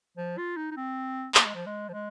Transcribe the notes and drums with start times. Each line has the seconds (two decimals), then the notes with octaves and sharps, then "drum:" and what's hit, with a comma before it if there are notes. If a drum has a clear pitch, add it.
0.17 F3
0.38 F4
0.57 D#4
0.71 D#4
0.76 C4
1.35 A#3, drum: clap
1.45 G#3
1.55 F3
1.66 G#3
1.89 F3
1.93 G#3